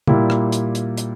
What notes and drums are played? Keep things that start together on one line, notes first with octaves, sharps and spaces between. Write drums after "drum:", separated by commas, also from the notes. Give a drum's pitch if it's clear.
A#2 G3 A#3 E4, drum: tom
drum: rim click
drum: hi-hat
drum: hi-hat
drum: hi-hat